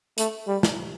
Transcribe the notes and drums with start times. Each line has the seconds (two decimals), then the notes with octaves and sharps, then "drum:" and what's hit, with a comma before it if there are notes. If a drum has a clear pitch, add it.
0.18 A3, drum: hi-hat
0.47 G3
0.63 drum: snare